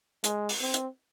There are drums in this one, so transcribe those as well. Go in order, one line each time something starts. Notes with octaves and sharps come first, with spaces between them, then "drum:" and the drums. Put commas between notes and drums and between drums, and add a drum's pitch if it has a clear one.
G#3, drum: hi-hat
drum: open hi-hat
C4
drum: hi-hat